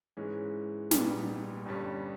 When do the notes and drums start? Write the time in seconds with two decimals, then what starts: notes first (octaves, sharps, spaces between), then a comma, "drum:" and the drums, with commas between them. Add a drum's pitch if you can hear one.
0.17 G#2 E3 G#3 C#4
0.91 A#1 A#2 G3 B3 D#4, drum: snare
1.65 G1 G2 G3 C#4